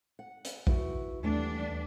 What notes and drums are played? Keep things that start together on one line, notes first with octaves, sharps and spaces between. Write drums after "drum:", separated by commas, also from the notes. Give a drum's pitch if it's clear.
F#5
drum: hi-hat
E4 F#4 B4, drum: kick A#1
D#2 E3 G3 A3 B3 D4